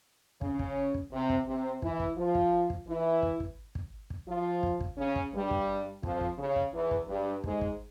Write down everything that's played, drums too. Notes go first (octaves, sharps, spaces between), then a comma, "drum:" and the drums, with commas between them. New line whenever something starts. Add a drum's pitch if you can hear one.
C#3 C#4, drum: kick
drum: kick
drum: kick
C3 C4
drum: kick
C3 C4
E3 E4, drum: kick
drum: kick
F3 F4
drum: kick
drum: kick
E3 E4
drum: kick
drum: kick
drum: kick
drum: kick
F3 F4
drum: kick
drum: kick
C#3 C#4
drum: kick
G2 G3
drum: kick
F2 F3, drum: kick
drum: kick
C#3
drum: kick
E2 E3
drum: kick
G2 G3
G#2 G#3, drum: kick
drum: kick